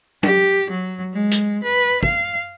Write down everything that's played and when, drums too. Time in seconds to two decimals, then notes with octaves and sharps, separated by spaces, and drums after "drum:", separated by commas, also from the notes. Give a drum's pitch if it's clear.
0.23 G4, drum: tom F#3
0.70 F#3
1.13 G#3
1.31 drum: hi-hat
1.63 B4
2.03 F5, drum: kick